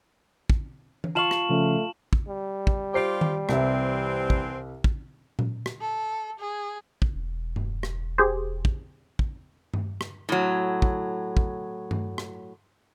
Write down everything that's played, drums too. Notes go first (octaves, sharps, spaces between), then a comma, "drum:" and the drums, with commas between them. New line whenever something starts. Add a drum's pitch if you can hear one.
drum: kick
drum: tom E3
F4 F5 A5 C#6 E7 F#7
drum: rim click
C#3 F3 A3 C#4
drum: kick
G3
drum: kick
F4 G4 C5 C7 D7
drum: tom D#3
C2 E3 C4 E5, drum: rim click
drum: kick
drum: kick
drum: tom A#2
drum: rim click
A4
G#4
drum: kick
E1
drum: tom G2
drum: rim click
G4 G#4 C5
drum: kick
drum: kick
drum: tom G2
drum: rim click
A2 F#3
drum: kick
drum: kick
drum: tom G2
drum: rim click